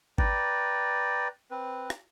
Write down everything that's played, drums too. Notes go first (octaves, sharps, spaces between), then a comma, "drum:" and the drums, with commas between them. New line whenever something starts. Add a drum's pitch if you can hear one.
B4 D5 G5 A#5, drum: kick G#1
C4 B4
drum: rim click